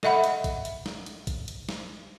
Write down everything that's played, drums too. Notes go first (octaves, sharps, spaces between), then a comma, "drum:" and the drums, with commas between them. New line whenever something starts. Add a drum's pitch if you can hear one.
A4 D#5 E5 F#5 B5, drum: snare
drum: hi-hat
drum: kick, hi-hat
drum: hi-hat
drum: snare
drum: hi-hat
drum: kick, hi-hat
drum: hi-hat
drum: snare